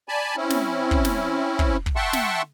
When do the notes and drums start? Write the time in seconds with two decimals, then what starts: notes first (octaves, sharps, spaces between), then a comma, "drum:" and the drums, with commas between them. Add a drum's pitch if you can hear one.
0.09 D5 G#5 A5 B5
0.37 C4 C#4 E4
0.50 drum: snare
0.91 drum: kick
1.05 drum: snare
1.59 drum: kick
1.86 drum: kick
1.96 E5 F#5 G5 A5 C6 C#6
2.13 drum: snare